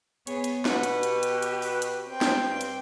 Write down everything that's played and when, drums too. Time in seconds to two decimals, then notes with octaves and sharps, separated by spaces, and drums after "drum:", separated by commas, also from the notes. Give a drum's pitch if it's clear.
0.27 B3 G#4 C#5, drum: hi-hat
0.44 drum: hi-hat
0.65 B2 B4 F#5, drum: snare
0.83 drum: hi-hat
1.03 G4, drum: hi-hat
1.23 drum: hi-hat
1.43 drum: hi-hat
1.62 drum: open hi-hat
1.82 drum: hi-hat
2.09 C4 G5
2.21 drum: snare
2.47 G2
2.61 drum: hi-hat